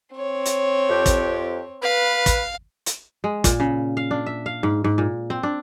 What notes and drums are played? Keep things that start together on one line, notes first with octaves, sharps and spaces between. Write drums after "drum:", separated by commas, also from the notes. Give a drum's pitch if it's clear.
C4 C#5
drum: hi-hat
F2 G4
drum: kick, hi-hat
B4 F5
drum: kick, hi-hat
drum: hi-hat
G#3
A#2, drum: kick, hi-hat
C#3
F5
D4
E5
F5
G#2
G#2
A#2
C4
D4